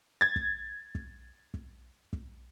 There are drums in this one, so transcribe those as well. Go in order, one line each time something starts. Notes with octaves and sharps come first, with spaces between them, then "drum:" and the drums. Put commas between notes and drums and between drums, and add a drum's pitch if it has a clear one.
G#6 A6
drum: kick
drum: kick
drum: kick
drum: kick